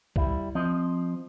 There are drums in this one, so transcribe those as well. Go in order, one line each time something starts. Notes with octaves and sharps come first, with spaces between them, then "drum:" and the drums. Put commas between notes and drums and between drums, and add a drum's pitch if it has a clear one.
G3 E4, drum: kick B1
F3 C4 D#5